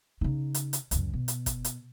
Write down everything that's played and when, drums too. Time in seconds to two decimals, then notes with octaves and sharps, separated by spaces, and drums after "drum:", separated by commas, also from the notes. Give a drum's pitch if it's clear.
0.21 C#3 D#4
0.54 drum: hi-hat
0.73 drum: hi-hat
0.91 C#2 F#2, drum: hi-hat
1.13 B2
1.28 drum: hi-hat
1.46 drum: kick, hi-hat
1.64 drum: hi-hat